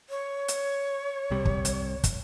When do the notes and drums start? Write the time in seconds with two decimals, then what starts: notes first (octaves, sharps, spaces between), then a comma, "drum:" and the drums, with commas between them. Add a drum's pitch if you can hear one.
0.09 C#5
0.48 drum: hi-hat
1.30 C2 C3 G3
1.45 drum: kick
1.65 drum: hi-hat
2.04 drum: kick, hi-hat